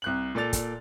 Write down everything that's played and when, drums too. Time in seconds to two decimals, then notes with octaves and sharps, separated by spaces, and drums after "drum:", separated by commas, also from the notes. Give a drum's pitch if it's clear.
0.02 C2 F#6 F#7
0.35 A#2 A4 D5 A6 F7
0.53 drum: kick, hi-hat